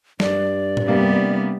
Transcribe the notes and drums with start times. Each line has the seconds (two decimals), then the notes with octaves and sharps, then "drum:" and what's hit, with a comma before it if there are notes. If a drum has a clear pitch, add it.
0.20 G2 D5, drum: snare
0.77 drum: tom A2
0.87 C3 G3 A#3 B3 D4